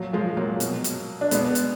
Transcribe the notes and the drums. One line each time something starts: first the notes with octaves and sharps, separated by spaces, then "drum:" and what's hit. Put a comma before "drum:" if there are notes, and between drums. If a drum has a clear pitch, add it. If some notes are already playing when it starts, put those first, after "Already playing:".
Already playing: A#2 F3 F#3
F3 G#3
F#3 A#3
B2, drum: hi-hat
drum: hi-hat
D4
B2 G#3 B3, drum: hi-hat
drum: hi-hat